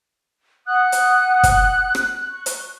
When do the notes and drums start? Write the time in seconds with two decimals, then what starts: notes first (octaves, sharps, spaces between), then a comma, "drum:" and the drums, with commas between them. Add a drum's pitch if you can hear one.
0.67 F#5 D#6 F#6
0.92 drum: hi-hat
1.43 drum: kick, hi-hat
1.95 drum: rim click
2.30 C#6
2.46 drum: hi-hat